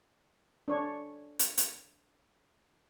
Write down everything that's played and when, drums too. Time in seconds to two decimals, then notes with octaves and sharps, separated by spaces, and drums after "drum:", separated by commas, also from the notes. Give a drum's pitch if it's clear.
0.68 D4 C#5
1.39 drum: hi-hat
1.57 drum: hi-hat